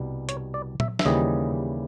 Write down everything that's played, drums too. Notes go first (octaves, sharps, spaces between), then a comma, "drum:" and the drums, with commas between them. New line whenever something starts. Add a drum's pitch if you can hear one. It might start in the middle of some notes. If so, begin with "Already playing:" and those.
Already playing: C2 B2 G3
C#5, drum: hi-hat
D5
E5, drum: tom A#2
E5, drum: snare
D#2 C#3 E3 G3 D#5